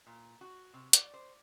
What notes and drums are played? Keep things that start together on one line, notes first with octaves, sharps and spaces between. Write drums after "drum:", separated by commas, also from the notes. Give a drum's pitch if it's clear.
A#2
F#4
C3
D5, drum: hi-hat
C5